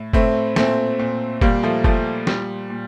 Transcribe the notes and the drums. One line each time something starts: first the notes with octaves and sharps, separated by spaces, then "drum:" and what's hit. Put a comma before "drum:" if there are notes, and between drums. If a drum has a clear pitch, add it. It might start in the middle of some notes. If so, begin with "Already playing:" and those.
Already playing: A2
A2 A3 C4, drum: kick F#1
A#2 A3 C4, drum: snare
A#2
A#2 G3 A#3, drum: kick F#1
F3 A3
A#2 F3 A3, drum: kick F#1
A#2 G3, drum: snare
A#2